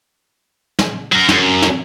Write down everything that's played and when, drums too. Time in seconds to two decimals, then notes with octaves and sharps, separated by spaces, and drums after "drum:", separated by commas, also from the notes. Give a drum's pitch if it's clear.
0.79 drum: snare
1.12 F#3 A#4
1.29 F#2, drum: snare
1.62 drum: snare